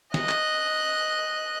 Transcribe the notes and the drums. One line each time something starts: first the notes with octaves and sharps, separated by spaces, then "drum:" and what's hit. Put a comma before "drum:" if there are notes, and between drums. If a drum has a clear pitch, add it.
D#5 F#6, drum: snare
drum: clap